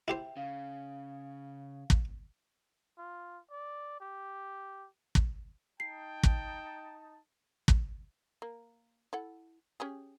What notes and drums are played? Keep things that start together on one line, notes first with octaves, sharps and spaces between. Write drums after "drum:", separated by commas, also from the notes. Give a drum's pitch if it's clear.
E4 G4 C5 E5 G5
C#3 F5
drum: kick
F4
D5
G4
drum: kick
D#4 G5 A5 C7
drum: kick
drum: kick
A#3
E4 A4 F#5
C#4 G4 G#4